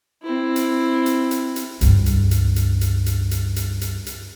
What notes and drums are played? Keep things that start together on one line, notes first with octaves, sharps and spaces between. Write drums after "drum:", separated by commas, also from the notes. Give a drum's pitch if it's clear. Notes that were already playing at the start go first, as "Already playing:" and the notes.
C4 E4
drum: hi-hat
drum: hi-hat
drum: hi-hat
drum: hi-hat
C#2 G2, drum: hi-hat
drum: hi-hat
drum: hi-hat
drum: hi-hat
drum: hi-hat
drum: hi-hat
drum: hi-hat
drum: hi-hat
drum: hi-hat
drum: hi-hat